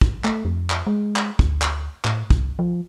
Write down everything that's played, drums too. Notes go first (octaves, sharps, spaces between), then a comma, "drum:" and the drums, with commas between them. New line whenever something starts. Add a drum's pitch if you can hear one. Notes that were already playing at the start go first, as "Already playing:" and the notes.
drum: kick
A3, drum: clap
F2
drum: clap
G#3
drum: clap
D2, drum: kick
drum: clap
A2, drum: clap
C2, drum: kick
F3